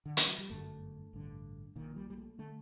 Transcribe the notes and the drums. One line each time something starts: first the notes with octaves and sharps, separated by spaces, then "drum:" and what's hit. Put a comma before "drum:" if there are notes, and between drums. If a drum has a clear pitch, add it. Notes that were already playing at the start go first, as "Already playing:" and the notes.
D3
D#3, drum: hi-hat
F#3
G3
G1 F#2 D3 A3
A1 G2 D3
A#1 A#2 D#3
G3
G3
A3
D3 A3